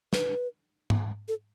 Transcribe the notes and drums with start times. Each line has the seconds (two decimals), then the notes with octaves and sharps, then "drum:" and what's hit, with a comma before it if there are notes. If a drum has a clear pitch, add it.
0.13 B4, drum: snare
0.90 drum: tom G#2
1.28 A4